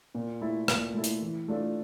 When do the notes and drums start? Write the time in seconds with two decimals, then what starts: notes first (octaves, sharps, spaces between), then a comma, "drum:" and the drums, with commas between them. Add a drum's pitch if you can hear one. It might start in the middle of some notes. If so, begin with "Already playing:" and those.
0.15 A#2
0.41 A3 E4 A4
0.68 A#2, drum: rim click
0.94 A3 E4 A4
1.04 drum: hi-hat
1.21 E3
1.48 A3 D4 F4 A4